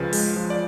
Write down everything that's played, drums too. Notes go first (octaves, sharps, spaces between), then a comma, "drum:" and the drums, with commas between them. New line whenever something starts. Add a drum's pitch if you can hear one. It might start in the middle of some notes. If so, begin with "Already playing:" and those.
Already playing: C#2 C#3 F3 B4
G#3, drum: open hi-hat
F3
D5